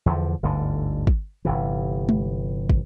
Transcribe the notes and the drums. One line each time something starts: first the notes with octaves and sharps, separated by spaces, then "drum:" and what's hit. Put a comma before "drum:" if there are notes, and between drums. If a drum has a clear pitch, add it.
E2 D3 F3
G1 D2 G#2 D3
drum: kick
G1 C3 E3
drum: tom G#3
drum: kick